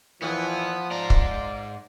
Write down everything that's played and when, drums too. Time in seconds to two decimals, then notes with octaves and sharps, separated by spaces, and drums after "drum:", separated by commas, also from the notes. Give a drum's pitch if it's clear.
0.22 F2 A#2 E3 F3 B3
0.91 G#2 F4 D5 A#5
1.10 drum: kick